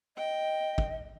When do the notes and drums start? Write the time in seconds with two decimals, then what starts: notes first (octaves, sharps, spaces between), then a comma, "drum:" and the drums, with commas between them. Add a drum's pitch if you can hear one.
0.17 D#5 G5
0.78 drum: kick